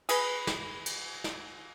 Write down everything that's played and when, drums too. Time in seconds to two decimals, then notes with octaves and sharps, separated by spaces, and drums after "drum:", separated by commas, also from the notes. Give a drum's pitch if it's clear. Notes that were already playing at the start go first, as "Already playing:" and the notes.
0.09 G#4 B4, drum: cymbal
0.47 drum: snare
0.86 drum: cymbal
1.24 drum: snare